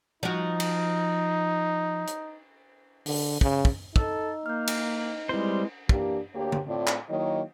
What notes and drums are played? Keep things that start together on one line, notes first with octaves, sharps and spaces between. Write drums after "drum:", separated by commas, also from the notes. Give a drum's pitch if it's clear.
F3 D#4 F#4
drum: cymbal
drum: hi-hat
D3, drum: open hi-hat
C#3, drum: kick
drum: kick
D#4 A4 E6, drum: kick
A#3 F6 G6
drum: cymbal
G3 G#3 C4 E4 B4 C5
E3 A#3 D4 G4, drum: kick
D2 A#3 G4 C#5
drum: tom
A2 C4 F4 D5
drum: clap
D#3 F#3 A#3 E4 C#5 D#5